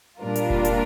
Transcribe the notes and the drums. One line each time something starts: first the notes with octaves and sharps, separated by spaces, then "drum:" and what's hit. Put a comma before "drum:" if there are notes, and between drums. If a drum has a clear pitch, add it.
A#2 G3 D4 F4 A#4
drum: hi-hat
drum: kick F1
drum: hi-hat